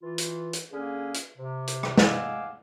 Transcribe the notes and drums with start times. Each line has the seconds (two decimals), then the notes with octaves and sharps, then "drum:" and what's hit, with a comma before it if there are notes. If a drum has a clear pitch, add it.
0.02 E3 F4
0.18 drum: hi-hat
0.53 drum: hi-hat
0.72 D3 A#3 C#4 G#4
1.14 drum: hi-hat
1.37 C3
1.67 drum: hi-hat
1.83 drum: rim click
1.98 D#5 F5 F#5 G#5 D6 E6, drum: snare